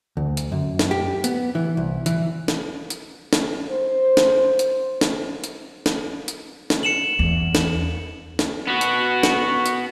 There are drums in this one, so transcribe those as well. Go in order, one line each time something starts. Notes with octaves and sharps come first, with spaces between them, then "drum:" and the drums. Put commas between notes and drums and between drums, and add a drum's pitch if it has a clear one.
D2
drum: hi-hat
F#2
drum: snare
G4
B3, drum: hi-hat
E3
C2
E3, drum: hi-hat
drum: snare
drum: hi-hat
drum: snare
C5
drum: snare
drum: hi-hat
drum: snare
drum: hi-hat
drum: snare
drum: hi-hat
drum: snare
C#7 E7 F#7
E2
drum: snare
drum: snare
B3 F#4
drum: hi-hat
drum: snare
drum: hi-hat